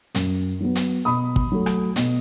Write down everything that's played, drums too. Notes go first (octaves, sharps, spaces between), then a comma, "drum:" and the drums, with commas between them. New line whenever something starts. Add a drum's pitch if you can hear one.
F#2, drum: hi-hat
F#3 B3
drum: hi-hat
B2 B5 D#6
drum: kick
F#3 A3
drum: rim click
B2, drum: hi-hat